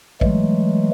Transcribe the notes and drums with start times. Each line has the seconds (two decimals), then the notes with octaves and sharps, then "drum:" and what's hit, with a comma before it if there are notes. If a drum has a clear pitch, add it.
0.21 E3 F#3 G#3 A3, drum: kick